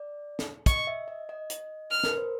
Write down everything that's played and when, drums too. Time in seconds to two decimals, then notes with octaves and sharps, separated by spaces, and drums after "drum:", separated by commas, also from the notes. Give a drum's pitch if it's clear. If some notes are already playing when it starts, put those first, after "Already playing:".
Already playing: D5
0.39 drum: snare
0.66 D#5 C#6, drum: kick, hi-hat
0.87 E5
1.08 D#5
1.29 D#5
1.50 drum: hi-hat
1.91 F6
2.04 A#4, drum: snare
2.11 B4
2.18 C5